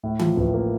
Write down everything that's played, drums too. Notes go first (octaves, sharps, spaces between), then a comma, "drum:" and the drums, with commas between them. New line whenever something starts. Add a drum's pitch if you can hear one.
A2
F3, drum: tom D#3
A1
A#3